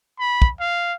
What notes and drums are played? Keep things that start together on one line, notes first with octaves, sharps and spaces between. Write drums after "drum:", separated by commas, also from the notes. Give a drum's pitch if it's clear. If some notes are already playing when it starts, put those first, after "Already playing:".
B5
drum: kick
F5